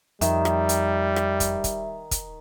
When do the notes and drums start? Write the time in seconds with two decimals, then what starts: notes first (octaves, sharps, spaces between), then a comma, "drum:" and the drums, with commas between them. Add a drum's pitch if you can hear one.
0.21 F2 D#3 G3 E5, drum: hi-hat
0.45 drum: rim click
0.69 drum: hi-hat
1.16 drum: rim click
1.40 drum: kick, hi-hat
1.64 drum: kick, hi-hat
2.11 drum: kick, hi-hat